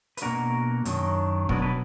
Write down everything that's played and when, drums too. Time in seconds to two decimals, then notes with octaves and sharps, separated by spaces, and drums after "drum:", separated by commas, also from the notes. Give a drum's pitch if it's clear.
0.17 B4, drum: hi-hat
0.22 B2 A#3 D4 F#4 A#4
0.85 F#2 D#3 F#3 D4, drum: hi-hat
1.49 B2 F#3 B3 D4 A#4, drum: kick
1.62 B4